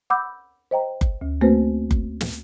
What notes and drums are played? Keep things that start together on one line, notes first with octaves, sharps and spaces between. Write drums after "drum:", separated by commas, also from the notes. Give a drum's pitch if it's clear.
F#5 B5 D6 E6 G6
C5 D#5 G5 A#5
drum: kick F#1
D2
A3 A#3 C4 F#4 B4 C5
drum: kick F#1
drum: snare